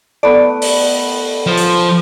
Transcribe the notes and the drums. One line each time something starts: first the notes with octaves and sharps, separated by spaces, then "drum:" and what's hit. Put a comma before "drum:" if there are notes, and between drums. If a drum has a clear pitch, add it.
A3 B3 D5
drum: open hi-hat
F3
drum: hi-hat